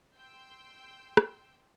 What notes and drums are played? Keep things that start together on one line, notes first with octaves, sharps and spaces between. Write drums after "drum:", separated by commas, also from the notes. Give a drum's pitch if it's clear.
G5 C6 E6 G6
drum: rim click